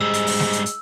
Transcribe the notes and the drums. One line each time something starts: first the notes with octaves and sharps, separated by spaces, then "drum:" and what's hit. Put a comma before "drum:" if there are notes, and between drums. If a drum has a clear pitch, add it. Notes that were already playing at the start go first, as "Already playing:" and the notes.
G#2 G3 G#3 E6
drum: hi-hat
drum: open hi-hat
drum: snare G#3
drum: hi-hat
drum: hi-hat